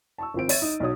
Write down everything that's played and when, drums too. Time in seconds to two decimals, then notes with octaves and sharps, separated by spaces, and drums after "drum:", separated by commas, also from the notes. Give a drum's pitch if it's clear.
0.18 A5 C#6 E6
0.34 G#1 F3 C4 D7
0.49 C#5 E5 A6 D#7, drum: open hi-hat
0.62 D#4
0.80 B1 D#4 F#4 C#5 D#6